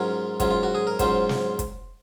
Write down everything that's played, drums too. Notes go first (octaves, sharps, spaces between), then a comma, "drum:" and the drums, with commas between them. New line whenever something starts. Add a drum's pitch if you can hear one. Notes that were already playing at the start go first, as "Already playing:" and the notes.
Already playing: G#2 F#3 C#4 F4 A#4
G#2 F#3 C#4 F4, drum: kick, hi-hat
F4
F#4
G#4
A#4
G#2 F#3 C#4 F4 C5, drum: kick, hi-hat
drum: snare
drum: kick, hi-hat